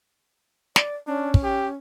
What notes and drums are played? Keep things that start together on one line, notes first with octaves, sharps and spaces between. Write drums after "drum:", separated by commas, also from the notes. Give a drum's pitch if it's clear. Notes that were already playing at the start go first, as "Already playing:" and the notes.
D5, drum: snare
C#4 D4
drum: kick
G4